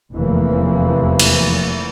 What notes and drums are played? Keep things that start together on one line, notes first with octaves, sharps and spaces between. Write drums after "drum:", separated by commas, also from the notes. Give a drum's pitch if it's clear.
F1 E2 E3 F3 A#3
drum: cymbal